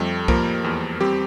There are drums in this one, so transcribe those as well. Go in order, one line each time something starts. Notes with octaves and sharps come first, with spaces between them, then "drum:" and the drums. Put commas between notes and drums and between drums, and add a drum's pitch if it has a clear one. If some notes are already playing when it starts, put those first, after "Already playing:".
Already playing: F2 G3 A3
F3 A#3 A#4, drum: kick
E2
G3 C4 G4